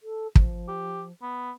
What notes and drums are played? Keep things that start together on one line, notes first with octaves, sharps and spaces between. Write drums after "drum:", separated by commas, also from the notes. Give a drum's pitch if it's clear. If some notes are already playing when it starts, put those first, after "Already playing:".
A4
F3, drum: kick
G4
B3